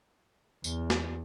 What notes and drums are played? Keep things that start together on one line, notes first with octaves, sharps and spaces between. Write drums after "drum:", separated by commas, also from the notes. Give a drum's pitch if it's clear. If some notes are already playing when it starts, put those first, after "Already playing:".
E2, drum: tambourine
drum: snare